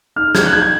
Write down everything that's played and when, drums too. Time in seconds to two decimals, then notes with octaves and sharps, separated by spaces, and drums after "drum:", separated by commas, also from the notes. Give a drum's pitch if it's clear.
0.16 D#4 F6
0.35 G#6, drum: snare
0.46 F#6
0.52 D#4 G#6
0.62 G#6